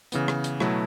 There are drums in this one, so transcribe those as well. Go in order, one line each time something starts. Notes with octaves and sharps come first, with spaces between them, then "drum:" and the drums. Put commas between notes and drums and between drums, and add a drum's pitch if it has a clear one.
C#3 E3 B3, drum: hi-hat
drum: rim click
drum: hi-hat
B2 F#3 A3 E4, drum: rim click